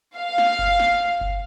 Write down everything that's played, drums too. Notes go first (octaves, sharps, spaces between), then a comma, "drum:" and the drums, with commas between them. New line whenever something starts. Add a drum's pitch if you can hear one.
F5
drum: snare
drum: kick F#1
drum: snare
drum: kick F#1